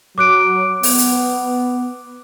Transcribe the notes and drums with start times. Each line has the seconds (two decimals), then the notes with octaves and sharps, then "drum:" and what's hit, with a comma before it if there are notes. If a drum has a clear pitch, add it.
0.18 F#3 D6 F#6 D7
0.83 B3, drum: open hi-hat
0.98 drum: hi-hat